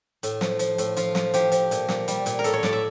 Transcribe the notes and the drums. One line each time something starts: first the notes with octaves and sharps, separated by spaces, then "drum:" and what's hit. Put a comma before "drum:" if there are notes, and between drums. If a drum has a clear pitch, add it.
A2, drum: hi-hat
F3, drum: snare
F3, drum: hi-hat
A2, drum: hi-hat
F3 F4, drum: hi-hat
F3, drum: snare
F3 G4, drum: hi-hat
F3, drum: hi-hat
A#2, drum: hi-hat
A#2, drum: snare
G3, drum: hi-hat
A#2, drum: hi-hat
A#4
A2 A4, drum: hi-hat
C#5
A2 D5, drum: snare
E5